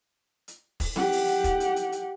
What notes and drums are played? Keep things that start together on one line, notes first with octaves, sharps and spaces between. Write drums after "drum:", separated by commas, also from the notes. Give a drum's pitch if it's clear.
drum: hi-hat
drum: kick, open hi-hat
G4 F#5, drum: snare C4
drum: open hi-hat
drum: hi-hat
drum: kick, hi-hat
drum: hi-hat
drum: hi-hat
drum: hi-hat